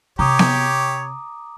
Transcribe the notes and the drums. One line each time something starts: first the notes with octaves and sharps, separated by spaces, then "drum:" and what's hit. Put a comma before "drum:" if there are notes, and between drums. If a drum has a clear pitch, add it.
C3 G4 C#5 A#5 D6 D#6
drum: snare B3